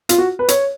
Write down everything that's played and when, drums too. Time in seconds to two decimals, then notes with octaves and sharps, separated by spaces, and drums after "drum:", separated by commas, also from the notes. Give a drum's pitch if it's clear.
0.09 F4, drum: hi-hat
0.18 F#4
0.39 B4
0.48 C#5, drum: hi-hat